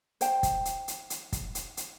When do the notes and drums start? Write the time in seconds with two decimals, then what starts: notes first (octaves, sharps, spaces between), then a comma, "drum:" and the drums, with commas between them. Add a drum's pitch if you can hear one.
0.21 C5 G5, drum: hi-hat
0.43 drum: kick, hi-hat
0.65 drum: hi-hat
0.88 drum: hi-hat
1.10 drum: hi-hat
1.32 drum: kick, hi-hat
1.55 drum: hi-hat
1.77 drum: hi-hat